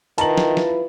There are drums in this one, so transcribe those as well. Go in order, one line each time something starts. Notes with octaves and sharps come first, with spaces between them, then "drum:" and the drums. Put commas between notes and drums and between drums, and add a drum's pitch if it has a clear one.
D#3 E4 F4 B4 A5 A#5 F#7, drum: hi-hat
drum: snare
drum: snare